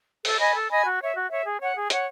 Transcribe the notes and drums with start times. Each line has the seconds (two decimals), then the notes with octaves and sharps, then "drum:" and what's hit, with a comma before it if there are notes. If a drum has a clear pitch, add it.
0.25 A4, drum: open hi-hat
0.40 D#5 G#5 B5
0.55 A4
0.70 D#5 G#5 B5
0.85 F#4
1.00 C#5 E5
1.15 F#4
1.29 C#5 E5
1.44 G#4
1.60 C#5 F#5
1.75 G#4
1.90 C#5 F#5, drum: hi-hat